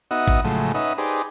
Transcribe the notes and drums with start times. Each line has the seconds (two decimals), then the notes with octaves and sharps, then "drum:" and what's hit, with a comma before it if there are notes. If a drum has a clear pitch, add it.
0.11 B3 D#4 F#4 D#5 E5 F#5
0.28 drum: kick G#1
0.44 A2 C#3 F3 F#3 G#3 A3
0.74 C#4 D#4 B4 D#5 E5 F#5
0.98 D#4 G4 G#4 B4 C5 D5